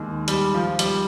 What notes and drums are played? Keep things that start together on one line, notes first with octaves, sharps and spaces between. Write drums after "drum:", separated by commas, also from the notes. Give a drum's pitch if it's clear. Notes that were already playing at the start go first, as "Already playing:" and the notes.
Already playing: D#2 D#3 G#3
G3, drum: hi-hat
F3
G3, drum: hi-hat